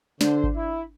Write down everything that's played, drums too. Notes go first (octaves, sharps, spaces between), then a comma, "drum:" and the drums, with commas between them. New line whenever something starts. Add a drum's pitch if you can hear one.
D3 D4 C5, drum: snare
drum: kick G#1
E4